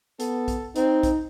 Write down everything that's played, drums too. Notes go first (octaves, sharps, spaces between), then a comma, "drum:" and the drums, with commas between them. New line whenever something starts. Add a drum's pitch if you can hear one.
B3 A4, drum: hi-hat
drum: kick, hi-hat
C4 D#4, drum: hi-hat
drum: kick, hi-hat